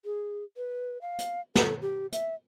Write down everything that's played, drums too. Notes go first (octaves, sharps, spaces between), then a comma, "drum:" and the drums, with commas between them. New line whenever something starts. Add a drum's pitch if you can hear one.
G#4
B4
F5
drum: hi-hat
A4, drum: snare
G4
E5, drum: hi-hat